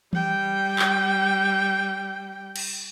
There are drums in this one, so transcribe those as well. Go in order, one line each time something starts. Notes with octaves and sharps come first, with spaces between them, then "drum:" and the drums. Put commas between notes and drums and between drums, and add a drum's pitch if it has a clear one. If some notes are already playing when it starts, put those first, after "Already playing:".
G3 G5, drum: tom E3
drum: clap
drum: cymbal